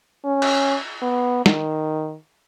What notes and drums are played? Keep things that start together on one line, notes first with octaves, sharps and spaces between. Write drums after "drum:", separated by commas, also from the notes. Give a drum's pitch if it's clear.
C#4
drum: cymbal
B3
D#3, drum: snare